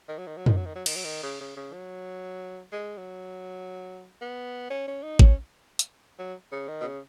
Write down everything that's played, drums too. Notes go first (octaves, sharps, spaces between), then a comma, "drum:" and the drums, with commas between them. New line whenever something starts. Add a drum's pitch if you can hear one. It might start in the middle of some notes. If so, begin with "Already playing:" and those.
D#3
F#3
D#3
F#3
D#3, drum: tom
F#3
D#3
F#3
D#3, drum: cymbal
F#3
D#3
C#3
C#3
C#3
F#3
G#3
F#3
B3
C#4
C#4
D#4
C#4, drum: kick
drum: hi-hat
F#3
C#3
D#3
B2
C#3